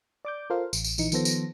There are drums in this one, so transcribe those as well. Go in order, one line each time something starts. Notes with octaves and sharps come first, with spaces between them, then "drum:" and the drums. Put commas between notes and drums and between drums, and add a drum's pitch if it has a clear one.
D5 D6 G6
F4 A4 A#4 C5 F5
A1, drum: tambourine
drum: tambourine
A#1 E3 D#4 C#7, drum: tambourine
D#3 F3 B3 A4 C5 A#6, drum: tambourine
drum: tambourine